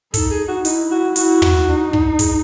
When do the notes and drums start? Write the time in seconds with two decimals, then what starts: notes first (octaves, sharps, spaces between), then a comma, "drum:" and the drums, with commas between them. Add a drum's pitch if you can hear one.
0.14 D#4 A4, drum: kick, hi-hat
0.31 G#4
0.48 F#4
0.65 D#4 E4, drum: hi-hat
0.91 F#4
1.16 E4 F#4, drum: hi-hat
1.42 drum: tom
1.68 D#4
1.93 drum: kick
2.19 G#4, drum: kick, hi-hat